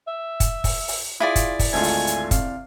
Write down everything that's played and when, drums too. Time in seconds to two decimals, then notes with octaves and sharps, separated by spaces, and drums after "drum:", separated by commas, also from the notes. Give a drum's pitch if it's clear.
0.08 E5
0.40 drum: kick, hi-hat
0.64 drum: kick, open hi-hat
0.88 drum: open hi-hat
1.20 E4 F4 G#4 D5
1.36 drum: kick, hi-hat
1.59 drum: kick, open hi-hat
1.73 G#1 D2 F4 G#5
1.83 drum: open hi-hat
2.07 drum: hi-hat
2.31 C3 F5, drum: kick, hi-hat